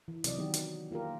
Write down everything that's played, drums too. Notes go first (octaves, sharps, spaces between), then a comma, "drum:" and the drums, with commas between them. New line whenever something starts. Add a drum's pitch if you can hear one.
E3
C3 F#3 D5 D#5, drum: hi-hat
D#3 F#3 B3 D#4 F#4 G4
drum: hi-hat
A#3 F4 G4 A#4